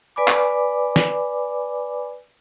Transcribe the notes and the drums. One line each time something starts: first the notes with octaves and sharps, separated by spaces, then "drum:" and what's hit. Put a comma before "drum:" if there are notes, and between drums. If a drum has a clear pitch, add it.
B4 D5 G#5 B5 D6
drum: clap
drum: snare